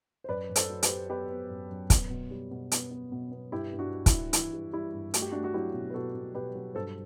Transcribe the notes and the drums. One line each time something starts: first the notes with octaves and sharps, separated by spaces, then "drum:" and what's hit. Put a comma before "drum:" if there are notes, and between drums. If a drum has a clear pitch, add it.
C5
F#2 B4 D5
F#2
A4 C5, drum: hi-hat
F#3
G4 B4, drum: hi-hat
F#3
B3 G4 B4
B3
F#2
F#2
B3, drum: kick, hi-hat
B2
G3
B2
B3, drum: hi-hat
B3
B2
B3
G2 E4 G4
G2
D4 F#4
G3
E4, drum: kick, hi-hat
G2
E3 E4, drum: hi-hat
G3
G3 E4
G2
A3 F#4, drum: hi-hat
G4
A3 D4 F#4
F#4
F#3 E4 G4
B2
B4
B2 F#4 A4
B2
B2 G4 B4
F#3
G2 A4 C5